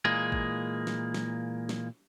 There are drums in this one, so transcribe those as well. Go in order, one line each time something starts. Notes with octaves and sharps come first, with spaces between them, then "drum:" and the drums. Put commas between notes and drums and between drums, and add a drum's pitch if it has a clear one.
A#2 E3 G#3 A#3 G#4
drum: kick G#1
drum: snare
drum: snare
drum: snare